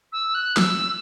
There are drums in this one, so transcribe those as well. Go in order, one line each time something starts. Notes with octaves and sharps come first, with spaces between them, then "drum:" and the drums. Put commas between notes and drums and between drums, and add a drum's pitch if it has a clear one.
E6
F#6
E6, drum: snare